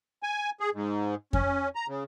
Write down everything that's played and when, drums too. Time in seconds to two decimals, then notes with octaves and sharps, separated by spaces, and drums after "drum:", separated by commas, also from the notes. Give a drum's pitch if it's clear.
0.23 G#5
0.60 G#4
0.74 G#2
1.33 C#4, drum: kick F2
1.75 A#5
1.88 C#3